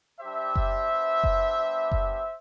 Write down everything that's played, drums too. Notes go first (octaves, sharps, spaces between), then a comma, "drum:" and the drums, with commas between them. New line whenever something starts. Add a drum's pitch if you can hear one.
G3 D4 G4 C5 E5
drum: kick F#1
B3 D4 G4
drum: kick F#1
G3 B3 D4 G4
drum: kick F#1